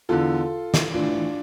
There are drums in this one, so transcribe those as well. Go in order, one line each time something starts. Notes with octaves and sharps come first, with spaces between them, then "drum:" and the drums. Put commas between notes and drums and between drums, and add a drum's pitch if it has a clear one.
E2 D3 F4 A4
drum: snare
A2 E3 D4 F4